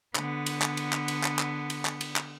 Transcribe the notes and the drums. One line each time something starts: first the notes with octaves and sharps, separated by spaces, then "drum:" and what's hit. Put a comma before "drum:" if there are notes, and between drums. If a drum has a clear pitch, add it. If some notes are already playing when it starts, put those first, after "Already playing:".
D3 B3, drum: clap
drum: cymbal
drum: clap
drum: cymbal
drum: clap
drum: cymbal
drum: clap
drum: clap
drum: cymbal
drum: clap
drum: cymbal
drum: clap